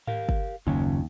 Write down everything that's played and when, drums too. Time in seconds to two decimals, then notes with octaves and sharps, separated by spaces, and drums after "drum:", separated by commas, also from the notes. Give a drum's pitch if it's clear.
0.07 G4 A#4 F5, drum: tom G#2
0.29 drum: kick
0.67 F#1 D#2 C#4 F4